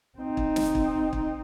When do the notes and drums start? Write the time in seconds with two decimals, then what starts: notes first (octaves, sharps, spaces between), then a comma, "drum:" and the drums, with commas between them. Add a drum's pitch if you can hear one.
0.18 C4 D#4
0.37 drum: kick
0.56 drum: snare
0.75 drum: kick
1.13 drum: kick